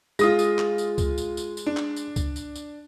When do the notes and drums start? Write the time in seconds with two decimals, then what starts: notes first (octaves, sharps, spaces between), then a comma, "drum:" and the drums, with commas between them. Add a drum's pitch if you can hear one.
0.19 G#3 F4 D#6 A#6, drum: tambourine
0.39 drum: tambourine
0.59 drum: clap
0.78 drum: tambourine
0.98 drum: kick, tambourine
1.18 drum: tambourine
1.37 drum: tambourine
1.57 drum: tambourine
1.66 D4
1.77 drum: clap
1.96 drum: tambourine
2.16 drum: kick, tambourine
2.36 drum: tambourine
2.56 drum: tambourine